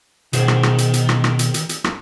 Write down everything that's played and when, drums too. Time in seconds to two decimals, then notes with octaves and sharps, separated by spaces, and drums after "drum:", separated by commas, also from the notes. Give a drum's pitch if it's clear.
0.33 B2 D#3 G#4 C5, drum: hi-hat
0.48 drum: rim click
0.63 drum: rim click
0.78 drum: hi-hat
0.94 drum: hi-hat
1.09 drum: rim click
1.24 drum: rim click
1.39 drum: hi-hat
1.54 drum: hi-hat
1.69 drum: hi-hat
1.84 drum: rim click